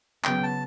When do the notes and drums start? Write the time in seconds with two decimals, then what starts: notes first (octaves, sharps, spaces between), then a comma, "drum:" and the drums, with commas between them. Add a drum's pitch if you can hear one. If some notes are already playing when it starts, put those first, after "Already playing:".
0.25 C#3 F#3 B3 G5, drum: clap
0.43 A5